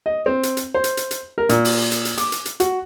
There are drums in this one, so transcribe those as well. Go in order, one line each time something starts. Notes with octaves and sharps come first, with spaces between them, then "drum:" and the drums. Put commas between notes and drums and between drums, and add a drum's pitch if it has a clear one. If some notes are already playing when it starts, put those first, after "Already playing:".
D#5
C4
drum: hi-hat
drum: hi-hat
C5
drum: hi-hat
drum: hi-hat
drum: hi-hat
A#4
A#2, drum: hi-hat
drum: open hi-hat
drum: hi-hat
drum: hi-hat
D6, drum: hi-hat
drum: hi-hat
drum: hi-hat
F#4, drum: hi-hat